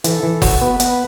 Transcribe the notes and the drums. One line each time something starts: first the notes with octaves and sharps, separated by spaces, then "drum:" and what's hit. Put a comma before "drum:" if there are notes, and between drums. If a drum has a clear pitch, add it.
E3 A4, drum: hi-hat
E3
F#4, drum: kick F#1, open hi-hat
B3 B4
B3, drum: hi-hat